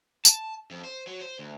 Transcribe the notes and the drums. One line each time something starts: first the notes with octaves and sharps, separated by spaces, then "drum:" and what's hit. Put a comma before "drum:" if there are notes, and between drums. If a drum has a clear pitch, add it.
A5, drum: tambourine
F2
C5
F#3
C5
D2